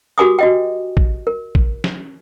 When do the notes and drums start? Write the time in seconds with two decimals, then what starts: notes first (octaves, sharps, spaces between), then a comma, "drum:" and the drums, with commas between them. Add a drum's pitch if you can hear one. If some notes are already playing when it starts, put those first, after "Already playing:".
0.18 F#4 G4 A#4 G#5 D6 D#6
0.39 F#4 D#5 G5
0.97 drum: kick
1.27 A#4
1.55 drum: kick
1.84 drum: snare